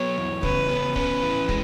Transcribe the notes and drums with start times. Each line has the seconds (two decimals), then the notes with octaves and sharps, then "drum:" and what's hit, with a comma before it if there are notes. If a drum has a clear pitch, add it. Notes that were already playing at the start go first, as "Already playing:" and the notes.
Already playing: F#3 B3 C#5
0.17 E2
0.43 C#3 B4, drum: kick
0.69 B3
0.96 C#4 B4, drum: kick
1.23 E3
1.49 G#3, drum: kick